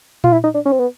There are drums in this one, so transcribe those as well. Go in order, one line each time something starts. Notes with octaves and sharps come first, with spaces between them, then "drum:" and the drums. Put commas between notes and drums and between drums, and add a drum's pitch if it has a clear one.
F4, drum: tom A#2
E4
D#4
D4
C#4
C4
B3